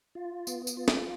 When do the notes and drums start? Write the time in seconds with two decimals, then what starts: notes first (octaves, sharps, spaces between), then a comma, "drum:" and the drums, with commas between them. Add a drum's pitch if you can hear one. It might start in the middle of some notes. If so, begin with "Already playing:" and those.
0.15 F4
0.47 B3, drum: tambourine
0.67 drum: tambourine
0.77 F4
0.88 drum: snare